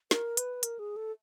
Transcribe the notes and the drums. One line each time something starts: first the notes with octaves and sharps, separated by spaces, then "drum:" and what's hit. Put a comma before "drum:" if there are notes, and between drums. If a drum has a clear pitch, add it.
A#4, drum: snare
B4, drum: hi-hat
A#4, drum: hi-hat
G#4
A4